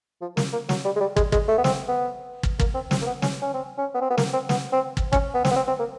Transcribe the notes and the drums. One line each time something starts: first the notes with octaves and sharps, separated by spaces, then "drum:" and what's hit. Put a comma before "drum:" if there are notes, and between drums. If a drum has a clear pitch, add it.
F3
A#3, drum: snare
A#3
F#3, drum: snare
G3
G#3
G3
G#3, drum: kick
G#3, drum: kick
A3
B3
C4, drum: snare
B3
drum: kick
A#3, drum: kick
C4
C4, drum: snare
A#3
B3
C#4, drum: snare
C#4
C4
C#4
B3
C4
B3
A#3, drum: snare
C4
B3, drum: snare
C4
drum: kick
C#4, drum: kick
B3
C4, drum: snare
B3
C4
C4
A#3